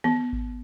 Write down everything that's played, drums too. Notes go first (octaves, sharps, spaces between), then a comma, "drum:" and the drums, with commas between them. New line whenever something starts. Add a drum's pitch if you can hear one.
B3, drum: tom D#3
drum: kick G#1